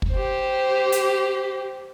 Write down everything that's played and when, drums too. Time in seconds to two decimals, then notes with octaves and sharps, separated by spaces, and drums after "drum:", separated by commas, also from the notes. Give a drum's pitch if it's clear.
0.02 drum: kick
0.12 G4 C5
0.92 drum: hi-hat